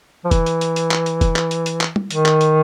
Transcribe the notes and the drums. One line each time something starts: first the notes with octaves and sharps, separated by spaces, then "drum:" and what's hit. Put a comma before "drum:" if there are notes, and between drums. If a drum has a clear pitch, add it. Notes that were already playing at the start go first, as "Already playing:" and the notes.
F3
E3, drum: kick, hi-hat
drum: hi-hat
drum: hi-hat
drum: hi-hat
drum: clap
drum: hi-hat
drum: kick, hi-hat
drum: clap
drum: hi-hat
drum: hi-hat
drum: clap
drum: tom
D#3, drum: hi-hat
drum: clap
drum: hi-hat